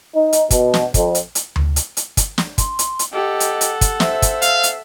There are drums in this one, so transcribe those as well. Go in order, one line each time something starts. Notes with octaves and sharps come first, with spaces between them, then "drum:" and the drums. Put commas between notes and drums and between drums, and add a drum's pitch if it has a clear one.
D#4
drum: hi-hat
B2, drum: kick, hi-hat
drum: snare
F2, drum: kick, hi-hat
drum: hi-hat
drum: hi-hat
drum: tom D2
drum: hi-hat
drum: hi-hat
drum: kick, hi-hat
drum: snare
C6, drum: kick, hi-hat
drum: hi-hat
drum: hi-hat
G4 A4 D#5 F#5
drum: hi-hat
drum: hi-hat
drum: kick, hi-hat
C5 E5, drum: snare
drum: kick, hi-hat
F5, drum: hi-hat
drum: hi-hat